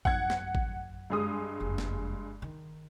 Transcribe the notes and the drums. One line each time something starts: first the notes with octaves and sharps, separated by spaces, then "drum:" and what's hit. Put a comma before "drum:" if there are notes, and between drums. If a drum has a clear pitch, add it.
F#2 F#5 G#6, drum: kick A1
drum: snare
drum: kick A1
G2 G#3 D#6
F#1 F2
drum: snare
D#3